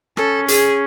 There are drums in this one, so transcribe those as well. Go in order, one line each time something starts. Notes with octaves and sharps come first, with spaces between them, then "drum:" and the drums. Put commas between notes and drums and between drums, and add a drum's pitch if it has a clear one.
C#4 A4, drum: rim click
G#4, drum: hi-hat